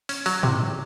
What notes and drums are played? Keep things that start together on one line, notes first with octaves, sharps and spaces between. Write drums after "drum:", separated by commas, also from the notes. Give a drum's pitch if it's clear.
C#4, drum: open hi-hat
F#3, drum: open hi-hat
C3, drum: tom G#2